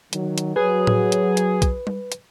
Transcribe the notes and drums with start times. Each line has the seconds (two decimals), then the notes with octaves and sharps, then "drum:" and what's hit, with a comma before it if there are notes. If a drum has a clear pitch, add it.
0.13 D#3 F#3, drum: hi-hat
0.38 drum: hi-hat
0.56 F#3 G#4 B4
0.87 drum: tom A2
1.12 drum: hi-hat
1.37 drum: hi-hat
1.62 drum: kick, hi-hat
1.87 drum: tom G3
2.12 drum: hi-hat